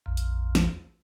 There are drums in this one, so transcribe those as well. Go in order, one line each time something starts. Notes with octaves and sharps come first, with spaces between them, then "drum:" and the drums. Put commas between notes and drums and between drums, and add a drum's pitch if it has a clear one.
A#1 F2
drum: hi-hat
drum: snare